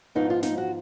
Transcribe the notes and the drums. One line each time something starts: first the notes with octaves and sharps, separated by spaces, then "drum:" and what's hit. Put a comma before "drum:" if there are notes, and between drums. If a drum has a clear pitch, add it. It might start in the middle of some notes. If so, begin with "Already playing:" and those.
G#2 F3 B3 D#4
F4
D#4, drum: snare
F#4